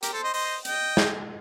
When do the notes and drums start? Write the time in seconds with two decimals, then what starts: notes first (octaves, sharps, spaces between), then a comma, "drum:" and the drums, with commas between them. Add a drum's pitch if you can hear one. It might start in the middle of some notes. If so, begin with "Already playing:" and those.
0.03 G4 A#4, drum: hi-hat
0.13 A4 C5
0.24 C5 D#5
0.34 C5 D#5, drum: open hi-hat
0.65 D#5 G5, drum: hi-hat
0.97 drum: snare